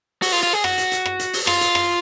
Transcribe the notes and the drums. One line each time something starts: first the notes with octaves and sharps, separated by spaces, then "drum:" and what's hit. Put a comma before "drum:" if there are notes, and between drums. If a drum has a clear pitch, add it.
F#4, drum: open hi-hat
F4
F4
G#4
F#4, drum: rim click
drum: hi-hat
drum: hi-hat
drum: rim click
drum: hi-hat
drum: open hi-hat
F4, drum: rim click
drum: hi-hat
drum: rim click